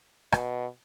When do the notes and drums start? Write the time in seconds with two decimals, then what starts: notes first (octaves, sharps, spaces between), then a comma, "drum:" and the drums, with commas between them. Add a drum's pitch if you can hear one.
0.32 B2, drum: rim click